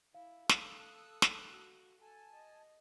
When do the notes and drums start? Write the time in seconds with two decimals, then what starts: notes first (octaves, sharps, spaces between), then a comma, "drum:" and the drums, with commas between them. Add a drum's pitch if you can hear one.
0.15 E4 F5
0.49 A4 D#6 E6 F#6, drum: snare
1.22 drum: snare
1.51 F#4
2.01 A4 G#5 A5
2.33 D#5